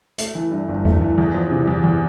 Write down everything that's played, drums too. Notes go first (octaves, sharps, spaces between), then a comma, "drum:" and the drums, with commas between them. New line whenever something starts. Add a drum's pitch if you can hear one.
A3, drum: hi-hat
E3
G2
G1
A3, drum: tom E2
E3
E2
F3
C3
E2
E2